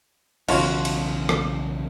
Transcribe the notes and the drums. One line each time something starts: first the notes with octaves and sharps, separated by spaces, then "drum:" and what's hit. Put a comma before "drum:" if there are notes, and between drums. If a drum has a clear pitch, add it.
B1 C#3 E3 F4 F#4 C#5, drum: cymbal
drum: cymbal
drum: rim click